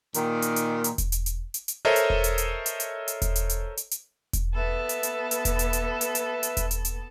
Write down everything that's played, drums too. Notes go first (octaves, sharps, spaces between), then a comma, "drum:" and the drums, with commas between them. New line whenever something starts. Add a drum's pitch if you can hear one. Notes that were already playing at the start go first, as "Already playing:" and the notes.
A#2 D#3, drum: hi-hat
drum: hi-hat
drum: hi-hat
drum: hi-hat
drum: kick E1, hi-hat
drum: hi-hat
drum: hi-hat
drum: hi-hat
drum: hi-hat
A4 A#4 C5 C#5 D#5 E5
drum: hi-hat
drum: kick E1
drum: hi-hat
drum: hi-hat
drum: hi-hat
drum: hi-hat
drum: hi-hat
drum: kick E1, hi-hat
drum: hi-hat
drum: hi-hat
drum: hi-hat
drum: hi-hat
drum: kick E1, hi-hat
B3 A4 B4 E5
drum: hi-hat
drum: hi-hat
drum: hi-hat
drum: kick E1, hi-hat
drum: hi-hat
drum: hi-hat
drum: hi-hat
drum: hi-hat
drum: hi-hat
drum: kick E1, hi-hat
drum: hi-hat
drum: hi-hat